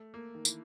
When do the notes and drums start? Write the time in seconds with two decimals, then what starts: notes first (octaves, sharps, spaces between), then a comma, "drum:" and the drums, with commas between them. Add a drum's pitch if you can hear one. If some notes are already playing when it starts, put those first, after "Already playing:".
Already playing: A3
0.14 A#3
0.35 D#3
0.45 E3, drum: tambourine